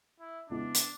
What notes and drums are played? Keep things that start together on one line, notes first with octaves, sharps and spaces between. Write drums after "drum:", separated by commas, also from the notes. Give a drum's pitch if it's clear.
E4
C#3 G#3 B3 D4 E4
drum: hi-hat